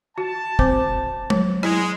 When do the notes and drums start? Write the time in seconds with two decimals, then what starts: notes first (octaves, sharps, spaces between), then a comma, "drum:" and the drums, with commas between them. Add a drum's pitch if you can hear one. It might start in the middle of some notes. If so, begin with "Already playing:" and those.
0.18 F#4 A5
0.59 C4 C5 D6, drum: kick
1.30 F#3, drum: tom
1.63 G#3 E4, drum: rim click